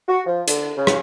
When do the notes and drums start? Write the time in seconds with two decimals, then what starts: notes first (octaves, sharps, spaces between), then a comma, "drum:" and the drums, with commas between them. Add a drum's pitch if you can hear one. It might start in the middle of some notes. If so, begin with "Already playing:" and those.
0.09 F#4
0.27 F3
0.48 D3, drum: hi-hat
0.77 C#3
0.87 drum: rim click